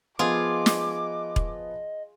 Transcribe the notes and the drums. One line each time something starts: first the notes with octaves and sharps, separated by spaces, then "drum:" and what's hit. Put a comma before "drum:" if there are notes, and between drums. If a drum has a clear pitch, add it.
F3 B3 F4 G#4 D#5 D6
drum: snare
drum: kick E1